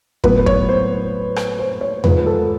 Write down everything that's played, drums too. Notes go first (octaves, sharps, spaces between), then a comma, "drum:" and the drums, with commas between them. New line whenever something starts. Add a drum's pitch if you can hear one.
A2 F#3 B3 B4, drum: kick
C#5, drum: kick
C5
drum: rim click
C5
C#5
G#2 F3 G#3 B4, drum: tom E2
A4